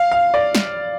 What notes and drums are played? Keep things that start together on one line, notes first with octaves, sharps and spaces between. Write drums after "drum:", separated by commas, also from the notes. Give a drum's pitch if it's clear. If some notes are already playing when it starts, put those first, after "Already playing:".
Already playing: F5
F5
D5
drum: snare